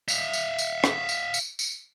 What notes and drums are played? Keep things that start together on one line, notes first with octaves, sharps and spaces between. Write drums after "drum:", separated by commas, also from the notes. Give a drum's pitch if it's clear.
E5 F5, drum: tambourine
drum: tambourine
drum: tambourine
drum: rim click
drum: tambourine
drum: tambourine
drum: tambourine